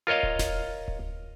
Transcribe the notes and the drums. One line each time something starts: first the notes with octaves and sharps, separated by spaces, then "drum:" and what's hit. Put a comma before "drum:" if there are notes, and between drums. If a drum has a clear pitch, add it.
F4 A#4 C#5 D#5 F5
drum: kick D1
drum: snare E1
drum: kick D1